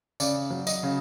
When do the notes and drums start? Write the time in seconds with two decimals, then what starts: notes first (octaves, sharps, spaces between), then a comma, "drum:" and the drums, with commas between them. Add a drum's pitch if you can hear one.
0.20 C#3 D5, drum: tambourine
0.50 F#3
0.67 D#5, drum: tambourine
0.83 C#3